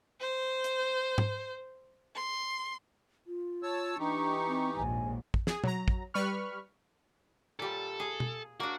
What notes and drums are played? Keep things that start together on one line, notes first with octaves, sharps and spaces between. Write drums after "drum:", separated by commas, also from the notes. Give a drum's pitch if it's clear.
C5
drum: hi-hat
drum: tom G#2
C6
F4
C#5 A5 E6
E3 D4 D#4 G4 C#6
C4
A#1 D#2 G#2 G#5
drum: kick
G#4, drum: snare
F#3 A#5, drum: tom B2
drum: kick
G3 B4 B5 C#6 F6
A#2 G3 A4
G#4
drum: tom B2
A#3 D4 F#4